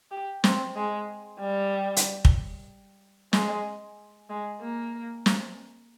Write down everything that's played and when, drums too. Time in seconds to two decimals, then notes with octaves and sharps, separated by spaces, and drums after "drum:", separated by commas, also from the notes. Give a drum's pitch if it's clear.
0.11 G4
0.44 C4, drum: snare
0.76 G#3
1.40 G3
1.97 drum: hi-hat
2.25 drum: kick
3.33 G#3, drum: snare
4.29 G#3
4.61 A#3
5.26 drum: snare